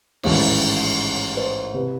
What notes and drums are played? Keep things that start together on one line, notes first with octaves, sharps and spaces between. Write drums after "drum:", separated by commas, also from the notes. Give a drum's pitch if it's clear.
A1 G#2 D#3, drum: cymbal
C5
C3 B4